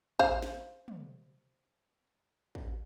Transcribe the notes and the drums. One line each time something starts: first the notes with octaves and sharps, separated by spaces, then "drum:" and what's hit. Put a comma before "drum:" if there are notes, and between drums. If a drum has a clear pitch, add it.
C5 F5, drum: kick
drum: snare
drum: tom
drum: kick